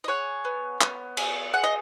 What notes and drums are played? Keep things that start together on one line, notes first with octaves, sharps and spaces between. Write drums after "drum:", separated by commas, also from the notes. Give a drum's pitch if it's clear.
D#5
G#4 C#5 F#5
B3
B3, drum: clap
G#4, drum: cymbal
G#4 F#5
D#5